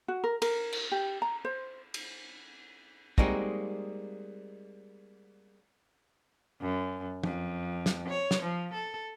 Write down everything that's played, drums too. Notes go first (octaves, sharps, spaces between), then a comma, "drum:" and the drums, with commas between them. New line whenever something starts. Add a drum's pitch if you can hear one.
F#4
A#4
A#4, drum: cymbal
drum: cymbal
G4
A#5
C5
drum: cymbal
G3 G#3 A#3 C4 D#4 F#4, drum: kick
F#2
F2, drum: tom
drum: snare
C#5
drum: snare
F3
A4